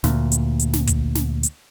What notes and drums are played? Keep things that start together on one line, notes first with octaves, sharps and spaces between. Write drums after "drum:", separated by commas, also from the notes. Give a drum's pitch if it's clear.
D2 A#2, drum: snare
drum: hi-hat
drum: hi-hat
drum: snare
drum: kick, hi-hat
drum: snare
drum: hi-hat